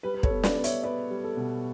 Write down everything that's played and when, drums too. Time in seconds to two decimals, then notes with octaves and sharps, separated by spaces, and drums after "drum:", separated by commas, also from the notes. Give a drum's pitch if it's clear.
0.03 G3 B4
0.14 B4
0.23 A4 C#5, drum: kick
0.30 B3
0.43 B4 D5, drum: snare
0.57 B3
0.64 C#5 E5, drum: hi-hat
0.83 B3 B4 D5
1.10 G3
1.24 A4
1.37 B2